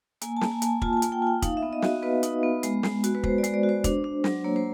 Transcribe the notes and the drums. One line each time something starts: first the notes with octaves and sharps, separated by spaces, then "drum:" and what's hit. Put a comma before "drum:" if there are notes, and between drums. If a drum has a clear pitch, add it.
A#3 G#5, drum: hi-hat
A5
A#3, drum: snare
G#5
A#3 G#5, drum: hi-hat
F4 A5, drum: kick
A5
G#5
A#3, drum: hi-hat
G5
F4 G5
D#4 F5, drum: kick, hi-hat
E5
B3
D#5
F#4, drum: snare
D#5
B3 B4
D#4, drum: hi-hat
B3
G#3, drum: hi-hat
G#3, drum: snare
F#4, drum: hi-hat
B4
G#3 C5, drum: kick
D5
G#3, drum: hi-hat
D5
F#4
C5
D4, drum: kick, hi-hat
D4
F#3, drum: snare
A#3 C#5
C5